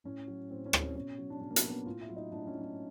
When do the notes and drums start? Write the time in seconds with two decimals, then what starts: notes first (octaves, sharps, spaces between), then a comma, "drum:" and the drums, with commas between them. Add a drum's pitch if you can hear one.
0.04 A2 C#4
0.27 F#3
0.50 A2 C4
0.66 C#4
0.73 F#3, drum: rim click
0.80 C#4
0.95 B2 C#4
1.18 F#3
1.30 D4
1.41 B2 C#4
1.51 A#3
1.56 B3, drum: hi-hat
1.64 F#3
1.70 B3
1.86 A2 F4
2.01 E4
2.09 F#3
2.16 D#4
2.32 A2 D4
2.47 C#4
2.55 F#3
2.61 D4